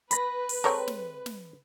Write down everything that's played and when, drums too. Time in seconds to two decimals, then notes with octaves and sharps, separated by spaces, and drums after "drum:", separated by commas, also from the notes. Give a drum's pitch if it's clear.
0.11 B4 B5 A#6, drum: hi-hat
0.49 drum: open hi-hat
0.64 G#3 C4 A4 A#4 C#5 G5
0.87 drum: snare
1.26 drum: snare